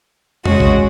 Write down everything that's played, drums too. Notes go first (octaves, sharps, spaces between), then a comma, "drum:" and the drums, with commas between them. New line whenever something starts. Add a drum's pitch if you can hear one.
G#3 C#4 F#4, drum: tom E2
drum: kick A#1